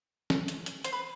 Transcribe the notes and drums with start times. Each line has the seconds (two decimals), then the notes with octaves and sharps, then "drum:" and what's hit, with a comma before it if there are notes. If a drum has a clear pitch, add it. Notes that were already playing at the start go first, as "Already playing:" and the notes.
0.30 drum: snare
0.48 drum: hi-hat
0.66 drum: hi-hat
0.84 C5, drum: hi-hat
0.93 B4